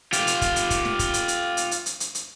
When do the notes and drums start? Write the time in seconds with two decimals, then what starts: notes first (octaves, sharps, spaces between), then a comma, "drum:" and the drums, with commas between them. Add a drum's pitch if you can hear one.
0.13 F4 G4, drum: hi-hat
0.27 drum: hi-hat
0.41 drum: kick, hi-hat
0.56 drum: hi-hat
0.70 drum: kick, hi-hat
0.85 drum: snare
0.99 drum: kick, hi-hat
1.14 drum: hi-hat
1.28 drum: hi-hat
1.57 drum: hi-hat
1.71 drum: hi-hat
1.86 drum: hi-hat
2.00 drum: hi-hat
2.15 drum: hi-hat